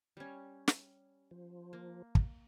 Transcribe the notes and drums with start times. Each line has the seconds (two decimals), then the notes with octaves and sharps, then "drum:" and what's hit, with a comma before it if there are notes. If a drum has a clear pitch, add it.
0.17 G3 C#4
0.68 drum: snare
1.31 F3
1.73 A#3
2.15 drum: kick